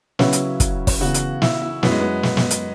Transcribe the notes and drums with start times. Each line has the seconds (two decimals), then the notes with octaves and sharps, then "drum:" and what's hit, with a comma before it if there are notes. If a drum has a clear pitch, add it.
0.19 C#3 F#3 C#4 E4 F#4 B4, drum: snare
0.33 drum: hi-hat
0.60 drum: kick, hi-hat
0.87 drum: kick, open hi-hat
1.01 C#3 E3 B3 F#4
1.14 drum: hi-hat
1.42 E4, drum: snare
1.62 E4
1.83 F#2 F#3 B3 E4, drum: snare
1.91 G#3
2.01 B3
2.23 drum: snare
2.37 drum: snare
2.51 drum: hi-hat